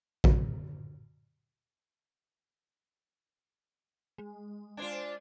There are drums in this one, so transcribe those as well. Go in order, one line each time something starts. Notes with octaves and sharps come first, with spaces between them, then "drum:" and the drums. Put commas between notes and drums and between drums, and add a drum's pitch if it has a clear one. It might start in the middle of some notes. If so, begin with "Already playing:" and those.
C3 F#3, drum: kick A#1
G#3
D4 F4 C5 D5 G#5